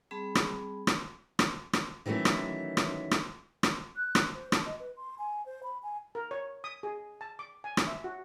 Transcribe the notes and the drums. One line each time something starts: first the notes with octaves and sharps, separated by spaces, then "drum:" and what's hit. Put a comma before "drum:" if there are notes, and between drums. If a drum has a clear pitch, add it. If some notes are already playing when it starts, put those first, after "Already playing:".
G3 C4 G#4 A5 B5
drum: rim click
drum: rim click
drum: rim click
drum: rim click
D#3 E3 F#3 A3 C#4
drum: rim click
drum: rim click
drum: rim click
drum: rim click
F#6
drum: rim click
C5
A5, drum: rim click
D#5
B4
C6
G#5
C5
B5
G#5
A#4
C#5
D#6
G#4
A5
D6
G#5
drum: rim click
E5
F#4